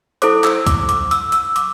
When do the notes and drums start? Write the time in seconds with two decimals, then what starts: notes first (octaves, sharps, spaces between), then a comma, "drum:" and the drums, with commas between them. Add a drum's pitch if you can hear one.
0.22 E4 A4 C5 D6, drum: hi-hat
0.44 E6, drum: clap
0.67 D6, drum: kick C#2, hi-hat
0.89 D6, drum: hi-hat
1.11 E6, drum: hi-hat
1.32 E6, drum: hi-hat
1.56 D6, drum: hi-hat